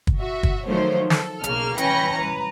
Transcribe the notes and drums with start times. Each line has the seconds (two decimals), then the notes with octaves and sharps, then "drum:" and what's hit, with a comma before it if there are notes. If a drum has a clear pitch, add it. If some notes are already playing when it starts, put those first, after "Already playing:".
0.07 drum: kick
0.19 F#4 E5
0.43 drum: kick
0.67 D#3 F3 F#3 A3 C5 C#5
1.10 A4, drum: snare
1.44 B1 C#3 A#3 F6, drum: hi-hat
1.78 E3 C#4 G5 B5 A#6 C#7, drum: hi-hat
2.18 B4 A#5